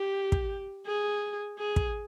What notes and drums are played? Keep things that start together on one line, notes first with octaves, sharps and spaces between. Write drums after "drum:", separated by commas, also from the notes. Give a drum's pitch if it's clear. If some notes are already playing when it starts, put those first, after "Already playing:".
Already playing: G4
drum: kick
G#4
G#4
drum: kick